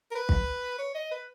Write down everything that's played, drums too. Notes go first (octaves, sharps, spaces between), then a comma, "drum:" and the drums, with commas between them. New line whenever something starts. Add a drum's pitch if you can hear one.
A#4
B4
drum: kick
C#5
D#5
B4